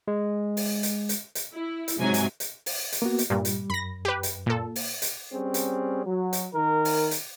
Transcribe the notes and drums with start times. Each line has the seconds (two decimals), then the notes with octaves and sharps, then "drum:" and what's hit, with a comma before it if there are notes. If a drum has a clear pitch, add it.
0.08 G#3
0.57 drum: open hi-hat
0.83 drum: hi-hat
1.09 drum: hi-hat
1.35 drum: hi-hat
1.54 E4
1.88 drum: hi-hat
1.98 G#2 C3 F#3 G#5 A#5
2.14 drum: hi-hat
2.40 drum: hi-hat
2.66 drum: open hi-hat
2.92 drum: hi-hat
3.02 A#3 B3 F#4
3.19 drum: hi-hat
3.30 G2 A#2 G3
3.45 drum: hi-hat
3.70 F#2 B5 A#6
4.05 G4 B4
4.23 drum: hi-hat
4.46 A#2 A4
4.76 drum: open hi-hat
5.02 drum: hi-hat
5.32 G3 C4 C#4 G#4
5.54 drum: hi-hat
6.06 F#3
6.33 drum: hi-hat
6.54 D#3 A#4
6.85 drum: open hi-hat
7.11 drum: hi-hat